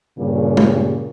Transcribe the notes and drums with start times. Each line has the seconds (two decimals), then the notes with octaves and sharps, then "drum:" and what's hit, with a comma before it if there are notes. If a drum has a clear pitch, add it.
0.18 G2 A#2 C#3 G3 G#4 C#5
0.57 drum: tom G#3